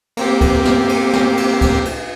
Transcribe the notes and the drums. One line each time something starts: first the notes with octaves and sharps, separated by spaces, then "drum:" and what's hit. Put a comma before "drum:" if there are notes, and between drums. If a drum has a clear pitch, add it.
A#3 C4 G4, drum: cymbal
drum: kick C#2, cymbal
drum: snare
drum: cymbal
drum: snare
drum: cymbal
drum: kick C#2, cymbal
drum: cymbal